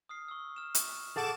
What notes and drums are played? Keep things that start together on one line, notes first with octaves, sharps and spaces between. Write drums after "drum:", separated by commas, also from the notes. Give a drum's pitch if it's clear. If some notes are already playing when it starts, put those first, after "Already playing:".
D#6 F6 C7
C#6 E6
F6 E7
C#6, drum: hi-hat
G#4 A4 F#5 A5 D6 E7